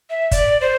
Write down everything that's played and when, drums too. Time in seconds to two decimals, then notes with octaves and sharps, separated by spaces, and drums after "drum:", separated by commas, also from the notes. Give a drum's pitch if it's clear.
0.10 E5
0.31 D5, drum: kick, hi-hat
0.61 C5